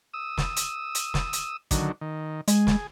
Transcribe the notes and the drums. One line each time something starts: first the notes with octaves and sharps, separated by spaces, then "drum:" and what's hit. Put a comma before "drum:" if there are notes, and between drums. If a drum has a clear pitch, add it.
D#6 E6
drum: snare
drum: hi-hat
drum: hi-hat
drum: snare
drum: hi-hat
D3 D#3 F#3, drum: kick, hi-hat
D#3
G#3 G#4, drum: hi-hat
drum: snare